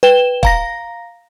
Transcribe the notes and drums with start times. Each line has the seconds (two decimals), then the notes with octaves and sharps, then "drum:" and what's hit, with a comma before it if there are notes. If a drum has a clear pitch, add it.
0.03 B4 G5 E7 G7
0.43 F5 A#5 A#6, drum: kick